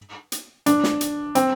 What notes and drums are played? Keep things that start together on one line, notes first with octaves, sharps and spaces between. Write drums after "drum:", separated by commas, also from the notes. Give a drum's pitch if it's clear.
drum: hi-hat
D4, drum: hi-hat
drum: snare
drum: hi-hat
C4, drum: hi-hat